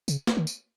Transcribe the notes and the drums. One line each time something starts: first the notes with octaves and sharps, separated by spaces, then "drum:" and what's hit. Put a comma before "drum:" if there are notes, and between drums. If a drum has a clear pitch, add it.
C#3, drum: tambourine
drum: snare
D#3
drum: tambourine